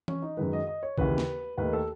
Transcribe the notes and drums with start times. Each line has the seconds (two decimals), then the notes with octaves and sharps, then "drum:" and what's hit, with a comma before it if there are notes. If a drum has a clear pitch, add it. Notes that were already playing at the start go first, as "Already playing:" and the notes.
0.08 C#4, drum: tom E3
0.22 D#4
0.37 F#2 D#3 G#3 B4
0.53 D#5
0.67 D#5
0.83 C#5
0.98 D#2 C#3 E3 B4, drum: kick B1
1.18 drum: snare
1.58 D#2 D#3 A3 B4
1.73 A4